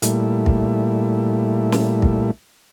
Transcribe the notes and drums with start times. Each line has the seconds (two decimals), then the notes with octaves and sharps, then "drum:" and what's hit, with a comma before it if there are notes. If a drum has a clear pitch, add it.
0.02 A#2 G3 A3 E4, drum: hi-hat
0.46 drum: kick
1.72 drum: snare
2.02 drum: kick